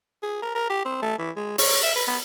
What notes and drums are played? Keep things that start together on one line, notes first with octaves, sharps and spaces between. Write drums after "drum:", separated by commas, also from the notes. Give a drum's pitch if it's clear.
G#4
A#4
A#4
G4
C4
A3
E3
G#3
C#5, drum: open hi-hat
E5
B4
B3